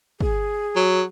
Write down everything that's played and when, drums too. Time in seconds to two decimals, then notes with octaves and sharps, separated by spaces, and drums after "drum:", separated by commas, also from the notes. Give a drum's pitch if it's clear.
0.21 G#4, drum: kick
0.76 F#3